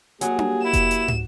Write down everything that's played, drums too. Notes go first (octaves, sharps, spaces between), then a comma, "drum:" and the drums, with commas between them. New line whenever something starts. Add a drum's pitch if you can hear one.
F#3 A#3 G4 G#4, drum: hi-hat
drum: tom D4
E4 E7
drum: kick F1, hi-hat
drum: hi-hat
drum: tom